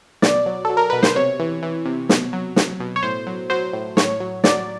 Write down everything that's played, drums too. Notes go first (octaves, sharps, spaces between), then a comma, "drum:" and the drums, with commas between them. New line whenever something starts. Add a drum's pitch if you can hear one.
B2 D5, drum: snare
F#3
F#3 A4
A#4
B2 B4
C5, drum: snare
C3 C#5
E3
E3
C3
B2, drum: snare
F#3
F#3, drum: snare
B2
C#5
A2 C5
F#3
F#3 C5
A2
A2 C#5, drum: snare
F#3
F#3 D5, drum: snare